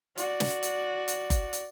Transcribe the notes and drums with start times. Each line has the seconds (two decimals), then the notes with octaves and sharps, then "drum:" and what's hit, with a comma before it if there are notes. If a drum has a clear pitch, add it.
0.18 F#4 D5, drum: hi-hat
0.40 drum: snare
0.63 drum: hi-hat
1.08 drum: hi-hat
1.30 drum: kick F#1, hi-hat
1.53 drum: hi-hat